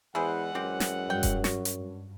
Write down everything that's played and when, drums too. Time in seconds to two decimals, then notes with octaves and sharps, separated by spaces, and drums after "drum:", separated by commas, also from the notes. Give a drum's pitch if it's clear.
0.15 E2 E3 G#3 E4 G#4 C5 F#5
0.55 F#2 C4 G4
0.80 drum: snare
1.10 G2 F#3 G3 G5
1.23 drum: kick F1, hi-hat
1.44 F#4, drum: snare
1.65 drum: hi-hat
1.75 G2